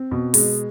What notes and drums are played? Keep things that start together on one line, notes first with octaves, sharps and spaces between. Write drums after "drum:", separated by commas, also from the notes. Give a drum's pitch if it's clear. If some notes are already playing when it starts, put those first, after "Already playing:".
Already playing: C4
B2
G#3, drum: open hi-hat